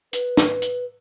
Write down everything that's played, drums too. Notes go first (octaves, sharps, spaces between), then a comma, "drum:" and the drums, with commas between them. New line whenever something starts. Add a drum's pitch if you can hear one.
B4, drum: hi-hat
drum: snare
drum: hi-hat